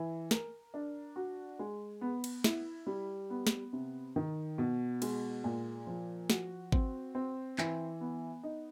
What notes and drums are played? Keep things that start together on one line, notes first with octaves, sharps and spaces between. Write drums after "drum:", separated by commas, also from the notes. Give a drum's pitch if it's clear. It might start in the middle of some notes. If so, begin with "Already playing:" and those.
Already playing: E3
A#4, drum: snare
D4
F#4
G#3
B3
drum: cymbal
E4, drum: snare
G3
B3
drum: snare
C3
D#3
B2
G#3, drum: cymbal
A#2
F3
F#4, drum: snare
C4, drum: kick G#1
C4
E3, drum: clap
B3
D#4